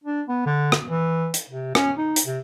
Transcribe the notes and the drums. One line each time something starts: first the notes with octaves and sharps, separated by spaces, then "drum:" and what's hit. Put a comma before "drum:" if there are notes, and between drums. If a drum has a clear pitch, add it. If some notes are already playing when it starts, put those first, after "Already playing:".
D4
B3
D3
drum: rim click
E3
drum: hi-hat
C3
C#4, drum: rim click
D#4
drum: hi-hat
C3